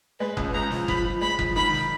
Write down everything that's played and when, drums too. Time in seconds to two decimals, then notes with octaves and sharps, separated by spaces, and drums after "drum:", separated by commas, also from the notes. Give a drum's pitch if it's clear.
0.20 G#3 B4
0.37 C#2, drum: kick F#1
0.54 C#2 A#5
0.71 F3, drum: snare
0.88 F3 B5, drum: kick F#1
1.05 F3
1.21 G#3 B5
1.39 F3, drum: kick F#1
1.56 D#3 B5
1.73 drum: snare